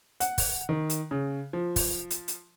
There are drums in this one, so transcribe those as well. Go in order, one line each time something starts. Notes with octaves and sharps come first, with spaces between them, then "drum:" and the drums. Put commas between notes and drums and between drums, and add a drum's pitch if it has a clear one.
F#5, drum: hi-hat
drum: kick, open hi-hat
D#3
drum: hi-hat
C#3
F3
drum: kick, open hi-hat
drum: hi-hat
drum: hi-hat